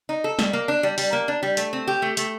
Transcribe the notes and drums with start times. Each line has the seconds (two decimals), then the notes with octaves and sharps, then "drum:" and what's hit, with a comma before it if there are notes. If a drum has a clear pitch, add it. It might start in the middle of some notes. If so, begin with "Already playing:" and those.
0.09 D#4
0.24 A4
0.39 G3, drum: snare
0.53 A#3
0.68 D4
0.83 G3
0.98 G3, drum: open hi-hat
1.13 A#3
1.28 D4
1.43 G3
1.57 A3, drum: hi-hat
1.73 C4
1.87 G4
2.02 A3
2.17 A3, drum: hi-hat